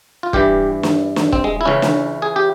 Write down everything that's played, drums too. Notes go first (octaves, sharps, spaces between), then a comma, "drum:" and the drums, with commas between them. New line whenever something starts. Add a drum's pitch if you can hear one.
F4
G2 E3 G4, drum: kick E1
drum: snare
drum: snare
C4, drum: kick E1
G#3
E4
C#2 C#3 E3 C#4
drum: snare
G#4
G4